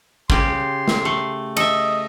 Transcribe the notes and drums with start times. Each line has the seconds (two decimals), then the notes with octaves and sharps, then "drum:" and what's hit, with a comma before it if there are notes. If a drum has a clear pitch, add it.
0.30 C#3 G4 C6, drum: kick
0.88 drum: snare
1.05 A3
1.57 A4 D#5 E5, drum: cymbal